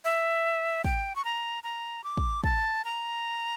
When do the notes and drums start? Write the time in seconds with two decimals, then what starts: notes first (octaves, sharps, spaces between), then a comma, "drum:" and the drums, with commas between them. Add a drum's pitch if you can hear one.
0.04 E5
0.84 G5, drum: kick
1.16 C#6
1.25 A#5
1.64 A#5
2.04 D6
2.17 drum: kick
2.44 A5, drum: kick
2.84 A#5